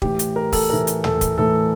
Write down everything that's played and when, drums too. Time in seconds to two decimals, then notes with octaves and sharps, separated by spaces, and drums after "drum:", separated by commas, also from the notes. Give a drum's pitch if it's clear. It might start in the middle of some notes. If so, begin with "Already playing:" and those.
0.02 A2 E3 G4, drum: kick
0.19 drum: hi-hat
0.36 A#4
0.52 A4, drum: kick, open hi-hat
0.70 A2 E3 A#4
0.87 drum: hi-hat
1.04 A4, drum: tom
1.21 drum: kick, hi-hat
1.38 A2 E3 A4